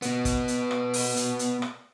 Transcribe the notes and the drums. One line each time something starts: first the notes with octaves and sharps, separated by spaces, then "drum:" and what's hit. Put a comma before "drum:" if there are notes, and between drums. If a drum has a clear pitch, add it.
B2 B3, drum: hi-hat
drum: kick, hi-hat
drum: hi-hat
drum: rim click
drum: open hi-hat
drum: hi-hat
drum: hi-hat
drum: rim click